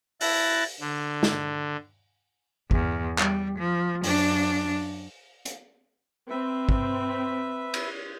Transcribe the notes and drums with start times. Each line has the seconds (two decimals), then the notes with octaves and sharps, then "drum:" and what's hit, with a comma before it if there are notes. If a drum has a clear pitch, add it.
0.21 E4 A5 F#6 A#6, drum: open hi-hat
0.80 D3
1.23 drum: snare
2.71 E2, drum: kick
3.19 G3, drum: clap
3.59 F3
4.04 F#2 D4, drum: open hi-hat
5.45 drum: hi-hat
6.30 C4 B4 E5
6.69 drum: kick
7.74 drum: cymbal